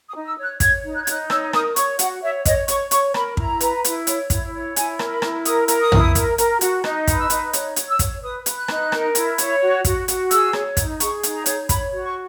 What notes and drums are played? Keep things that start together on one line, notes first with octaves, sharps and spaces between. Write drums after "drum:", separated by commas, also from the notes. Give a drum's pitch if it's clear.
D#6
D#4
E6
C#5
F#6
C#5 G#6, drum: kick, hi-hat
D#4
F#6
G#6
D#4 F#6, drum: hi-hat
C#5 E6, drum: rim click
A#4 D#6, drum: rim click
C#5 C#6, drum: hi-hat
F#4 F#5, drum: hi-hat
C#5 E5
C#5 D#5, drum: kick, hi-hat
C#5 C#6, drum: hi-hat
C#5 C#6, drum: hi-hat
A#4 B5, drum: rim click
E4 A#5, drum: kick
B4, drum: hi-hat
E4, drum: hi-hat
C#5, drum: hi-hat
E4, drum: kick, hi-hat
C#5
E4 G#5, drum: hi-hat
A#4, drum: rim click
B5
E4, drum: rim click
A#4 D#6, drum: hi-hat
A#4, drum: hi-hat
D#6
E4, drum: tom
A#4, drum: kick, hi-hat
A#4, drum: hi-hat
F#4, drum: hi-hat
D#4 F#6, drum: rim click
B4, drum: kick, hi-hat
E6
D#4, drum: hi-hat
C#5 F#6, drum: hi-hat
C#5, drum: hi-hat
E6
C#5, drum: kick, hi-hat
B4 D#6
B4, drum: hi-hat
F#6
D#4, drum: rim click
A#4, drum: rim click
E4, drum: hi-hat
C#5, drum: hi-hat
F#4
F#4, drum: kick, hi-hat
F#4, drum: hi-hat
G#4 E6, drum: hi-hat
C#5, drum: rim click
D#4, drum: kick, hi-hat
G#4 C#6, drum: hi-hat
D#4, drum: hi-hat
A#5
C#5, drum: hi-hat
C#5 B5, drum: kick, hi-hat
F#4
C#6